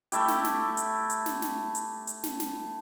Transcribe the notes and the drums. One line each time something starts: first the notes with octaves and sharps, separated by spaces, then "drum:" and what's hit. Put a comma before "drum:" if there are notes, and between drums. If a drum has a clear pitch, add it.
A3 E4 G4, drum: hi-hat
drum: snare
drum: snare
drum: hi-hat
drum: hi-hat
drum: snare
drum: snare
drum: hi-hat
drum: hi-hat
drum: snare
drum: snare